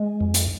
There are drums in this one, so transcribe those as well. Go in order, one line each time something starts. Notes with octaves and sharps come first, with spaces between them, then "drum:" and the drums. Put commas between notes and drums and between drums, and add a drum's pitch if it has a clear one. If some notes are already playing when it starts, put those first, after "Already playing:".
Already playing: G#3
F2
drum: hi-hat